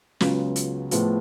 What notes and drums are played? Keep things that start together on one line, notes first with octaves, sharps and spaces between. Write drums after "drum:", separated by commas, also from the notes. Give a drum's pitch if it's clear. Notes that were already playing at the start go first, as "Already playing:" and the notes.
C#2 C#3 F#3 B3 F4, drum: snare
drum: hi-hat
A2 F3 B3 F4 G#4, drum: hi-hat